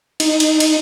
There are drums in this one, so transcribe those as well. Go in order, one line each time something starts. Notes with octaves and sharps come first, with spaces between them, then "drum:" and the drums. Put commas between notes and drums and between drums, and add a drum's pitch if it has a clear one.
D#4, drum: cymbal
drum: cymbal
drum: cymbal